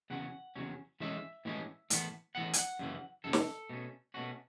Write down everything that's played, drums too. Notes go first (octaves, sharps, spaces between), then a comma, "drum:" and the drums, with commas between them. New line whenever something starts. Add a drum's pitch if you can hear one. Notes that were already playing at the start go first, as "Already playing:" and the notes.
E2 C#3 F#3 C#4 F#5
E2 C#3 F#3 C#4
A2 E3 G#3 C#4 E5
A2 E3 G#3 C#4
A2 E3 B3, drum: hi-hat
A2 E3 B3 F#5
G#5, drum: hi-hat
F#5
F#2 C#3 E3
F#2 C#3 E3 A4
drum: snare
B2 A3 C#4
B2 A3 C#4 F#4